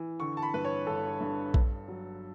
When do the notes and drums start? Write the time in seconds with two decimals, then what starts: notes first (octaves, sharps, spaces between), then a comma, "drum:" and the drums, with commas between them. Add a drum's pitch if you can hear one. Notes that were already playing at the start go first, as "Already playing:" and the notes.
Already playing: E3
0.20 D3 C#6
0.37 A5
0.42 B5
0.54 G2 B4
0.65 C#5
0.87 G1 A4
1.21 G2
1.54 G2, drum: kick A#1
1.88 F#3